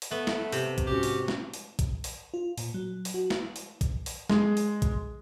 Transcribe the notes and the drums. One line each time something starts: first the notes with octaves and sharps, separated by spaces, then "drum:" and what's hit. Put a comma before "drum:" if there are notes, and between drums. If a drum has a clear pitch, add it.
drum: open hi-hat
A3 B3
drum: snare
C3, drum: open hi-hat
drum: kick, hi-hat
G#2 C#4 F#4 G4
drum: open hi-hat
drum: snare
drum: open hi-hat
drum: kick, hi-hat
drum: open hi-hat
F4
A#2, drum: open hi-hat
F#3
drum: open hi-hat
F#4
drum: snare
drum: open hi-hat
drum: kick, hi-hat
drum: open hi-hat
G#3, drum: snare
drum: open hi-hat
drum: kick, hi-hat